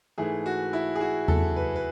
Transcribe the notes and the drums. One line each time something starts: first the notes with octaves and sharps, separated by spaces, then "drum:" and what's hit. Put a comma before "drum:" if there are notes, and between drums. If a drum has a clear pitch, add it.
G#2 E3 A3 G#4
F#4
E4
G#4
F#4
A4, drum: tom E2
B4
B4